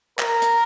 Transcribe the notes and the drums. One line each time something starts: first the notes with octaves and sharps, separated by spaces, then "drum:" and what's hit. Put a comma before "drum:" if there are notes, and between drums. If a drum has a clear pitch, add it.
A#4, drum: clap
drum: hi-hat